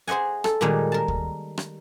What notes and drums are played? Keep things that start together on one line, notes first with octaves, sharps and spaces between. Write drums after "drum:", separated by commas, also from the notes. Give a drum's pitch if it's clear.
G#4 C5 D#5 F#5 G#5
A4, drum: rim click
A#2 D#3 G3 G#3 D#4
A#4 A5
drum: kick
drum: rim click